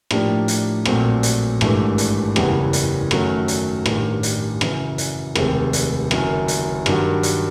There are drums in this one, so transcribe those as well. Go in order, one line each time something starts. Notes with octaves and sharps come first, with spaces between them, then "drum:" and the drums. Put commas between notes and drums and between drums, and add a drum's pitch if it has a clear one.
A2 F3 A#3 D4 G4, drum: rim click
drum: hi-hat
A#1 A#2 F#3 A3 C4, drum: rim click
drum: hi-hat
G#1 G2 E3 A3, drum: rim click
drum: hi-hat
F#1 E2 C#3 E3 G3, drum: rim click
drum: hi-hat
F#2 D#3 F#3 A3 C#4, drum: rim click
drum: hi-hat
A1 G2 D#3, drum: rim click
drum: hi-hat
F#2 C#3 E3, drum: rim click
drum: hi-hat
F1 D#2 D#3 G#3 C4, drum: rim click
drum: hi-hat
F#1 F#2 D#3, drum: rim click
drum: hi-hat
G2 D#3 F#3, drum: rim click
drum: hi-hat